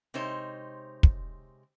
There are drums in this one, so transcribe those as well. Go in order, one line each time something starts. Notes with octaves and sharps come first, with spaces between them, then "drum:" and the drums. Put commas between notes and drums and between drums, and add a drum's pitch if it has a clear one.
C3 G#3 D#4 C5 C#5
drum: kick